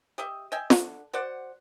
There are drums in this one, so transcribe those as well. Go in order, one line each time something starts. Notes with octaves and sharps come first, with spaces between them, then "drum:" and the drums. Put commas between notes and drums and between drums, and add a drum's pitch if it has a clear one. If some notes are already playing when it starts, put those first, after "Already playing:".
G4 D#5 E5
D#5 E5 G5 G#5
D3, drum: snare
F#4 C5 D5 F#5